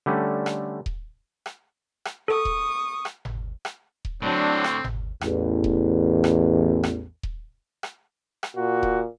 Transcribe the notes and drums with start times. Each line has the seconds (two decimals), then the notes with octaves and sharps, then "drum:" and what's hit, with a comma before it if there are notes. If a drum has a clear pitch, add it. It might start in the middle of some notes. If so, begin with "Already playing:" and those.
0.06 D3 G3 A3 C#4
0.46 drum: rim click
0.86 drum: kick D#1
1.46 drum: rim click
2.05 drum: rim click
2.28 A4 C#6 D#6
2.45 drum: kick D#1
3.05 drum: rim click
3.25 drum: tom G1
3.65 drum: rim click
4.05 drum: kick D#1
4.22 A2 D3 F#3 C4 D4
4.64 drum: rim click
4.84 drum: tom G1
5.21 A1 E2, drum: rim click
5.64 drum: kick D#1
6.24 drum: rim click
6.83 drum: rim click
7.23 drum: kick D#1
7.83 drum: rim click
8.43 drum: rim click
8.56 A#2 F#4
8.83 drum: kick D#1